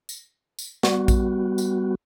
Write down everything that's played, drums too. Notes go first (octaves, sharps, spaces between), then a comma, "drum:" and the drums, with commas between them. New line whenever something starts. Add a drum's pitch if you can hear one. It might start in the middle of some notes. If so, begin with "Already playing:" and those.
drum: tambourine
drum: tambourine
G3 B3 F#4, drum: snare
drum: kick A#1, tambourine
drum: tambourine